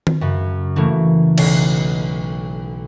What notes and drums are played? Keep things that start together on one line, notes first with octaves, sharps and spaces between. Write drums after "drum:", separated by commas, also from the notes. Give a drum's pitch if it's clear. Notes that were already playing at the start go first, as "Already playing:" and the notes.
drum: tom D#3
F#2 C#3
C#3 E3 F#3 A3 A#3
B1, drum: cymbal